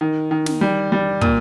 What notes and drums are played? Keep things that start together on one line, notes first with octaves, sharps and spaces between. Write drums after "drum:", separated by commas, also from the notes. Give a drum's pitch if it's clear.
D#3
D#3
drum: snare
G3
G3
A#2, drum: kick